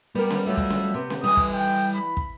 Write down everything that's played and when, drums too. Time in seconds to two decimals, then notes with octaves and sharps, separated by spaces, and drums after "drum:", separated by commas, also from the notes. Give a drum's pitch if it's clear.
0.15 G3 B3 A#4
0.30 drum: snare C#4
0.46 F3 F#3 A3 E5
0.57 drum: kick
0.70 drum: snare C#4
0.94 C3 B3
1.10 drum: snare C#4
1.24 E3 G3 G#5 D#6
1.37 drum: kick
1.54 G5
1.95 B5
2.17 drum: kick